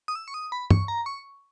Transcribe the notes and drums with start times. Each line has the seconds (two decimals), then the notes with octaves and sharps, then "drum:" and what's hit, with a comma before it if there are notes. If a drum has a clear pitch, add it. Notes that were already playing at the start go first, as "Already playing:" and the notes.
0.08 D#6
0.15 E6
0.28 C#6
0.34 D#6
0.52 B5
0.70 C#6, drum: tom G2
0.88 A#5
1.06 C#6